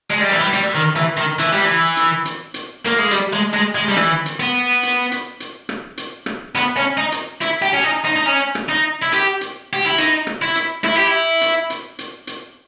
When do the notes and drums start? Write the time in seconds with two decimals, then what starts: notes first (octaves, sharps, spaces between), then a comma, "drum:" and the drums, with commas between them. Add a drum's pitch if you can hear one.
0.11 G#3
0.21 G3
0.30 E3
0.41 G3
0.53 G3, drum: hi-hat
0.75 D#3
0.96 E3
1.18 D#3
1.39 E3, drum: hi-hat
1.52 G3
1.65 E3
1.97 drum: hi-hat
2.25 drum: hi-hat
2.54 drum: hi-hat
2.85 A#3, drum: hi-hat
2.98 G#3
3.11 G3, drum: hi-hat
3.33 G#3
3.54 G#3
3.75 G#3
3.89 G3
3.97 E3, drum: rim click
4.26 drum: hi-hat
4.40 B3
4.83 drum: hi-hat
5.12 drum: hi-hat
5.40 drum: hi-hat
5.69 drum: rim click
5.97 drum: hi-hat
6.26 drum: rim click
6.55 B3, drum: hi-hat
6.77 C#4
6.98 D#4
7.12 drum: hi-hat
7.41 E4, drum: hi-hat
7.62 G4
7.74 C#4
7.84 D#4
8.05 D#4
8.16 D#4
8.26 C#4
8.55 drum: rim click
8.69 D#4
9.03 E4
9.13 G4, drum: hi-hat
9.41 drum: hi-hat
9.73 G4
9.86 E4
9.98 D#4, drum: hi-hat
10.27 drum: rim click
10.42 E4
10.55 drum: hi-hat
10.84 E4, drum: rim click
10.96 G4
11.07 E4
11.41 drum: hi-hat
11.70 drum: hi-hat
11.99 drum: hi-hat
12.27 drum: hi-hat